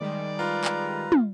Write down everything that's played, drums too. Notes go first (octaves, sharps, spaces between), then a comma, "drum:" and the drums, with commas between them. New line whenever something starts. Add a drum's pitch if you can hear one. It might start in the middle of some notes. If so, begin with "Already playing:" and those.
D#3 G3 G#3 D5
F4 B4 A#5
drum: clap
drum: tom